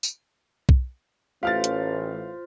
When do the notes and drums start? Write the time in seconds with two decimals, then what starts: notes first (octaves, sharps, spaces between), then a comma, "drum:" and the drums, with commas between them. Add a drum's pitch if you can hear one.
0.03 drum: tambourine
0.69 drum: kick B1
1.43 A1 F4 C5 F5 F6 A6
1.64 drum: hi-hat